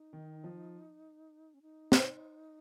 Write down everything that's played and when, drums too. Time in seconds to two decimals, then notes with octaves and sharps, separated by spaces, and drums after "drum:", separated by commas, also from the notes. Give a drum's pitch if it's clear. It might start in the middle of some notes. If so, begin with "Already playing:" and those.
Already playing: D#4
0.13 D#3
0.44 F3
1.54 C#4
1.62 D#4
1.92 drum: snare